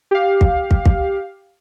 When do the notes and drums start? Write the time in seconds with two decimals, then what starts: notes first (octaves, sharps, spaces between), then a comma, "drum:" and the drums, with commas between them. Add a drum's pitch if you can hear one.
0.11 G4 F5
0.41 drum: kick
0.71 drum: kick
0.86 drum: kick